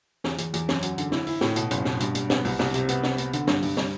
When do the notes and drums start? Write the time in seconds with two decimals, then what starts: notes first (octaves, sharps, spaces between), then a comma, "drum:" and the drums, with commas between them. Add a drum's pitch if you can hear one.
0.24 E2, drum: snare
0.38 E2, drum: hi-hat
0.54 E2, drum: hi-hat
0.69 F#2, drum: snare
0.82 F#3, drum: hi-hat
0.98 D3, drum: hi-hat
1.12 E4, drum: snare
1.27 E4, drum: open hi-hat
1.41 A2, drum: snare
1.56 B2, drum: hi-hat
1.71 F#1, drum: hi-hat
1.85 B2, drum: snare
2.00 G2, drum: hi-hat
2.15 G3, drum: hi-hat
2.30 B3, drum: snare
2.45 C2, drum: open hi-hat
2.59 C2, drum: snare
2.74 C3, drum: hi-hat
2.89 B3, drum: hi-hat
3.03 B3, drum: snare
3.18 B3, drum: hi-hat
3.33 D3, drum: hi-hat
3.47 G2, drum: snare
3.62 G2, drum: open hi-hat
3.77 G3, drum: snare